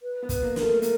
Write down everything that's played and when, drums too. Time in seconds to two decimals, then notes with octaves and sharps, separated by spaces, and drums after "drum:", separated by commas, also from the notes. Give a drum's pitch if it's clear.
0.02 B4
0.22 B3
0.29 B4, drum: kick, hi-hat
0.42 A#3
0.56 A#4, drum: snare
0.62 A3
0.82 A#3 A#4, drum: hi-hat